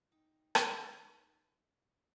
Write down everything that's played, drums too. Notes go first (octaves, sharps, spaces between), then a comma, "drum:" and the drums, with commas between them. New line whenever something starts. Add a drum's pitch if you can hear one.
D#4 G5
drum: rim click